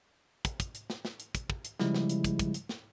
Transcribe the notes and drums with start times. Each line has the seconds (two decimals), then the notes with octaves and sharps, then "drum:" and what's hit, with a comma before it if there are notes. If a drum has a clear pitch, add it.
0.45 drum: kick, hi-hat
0.60 drum: kick, hi-hat
0.75 drum: hi-hat
0.90 drum: snare
1.05 drum: snare
1.20 drum: hi-hat
1.35 drum: kick, hi-hat
1.50 drum: kick
1.65 drum: hi-hat
1.80 C#3 F3 G3 G#3 E4, drum: snare
1.95 drum: snare
2.09 drum: hi-hat
2.24 drum: kick, hi-hat
2.39 drum: kick, hi-hat
2.54 drum: hi-hat
2.69 drum: snare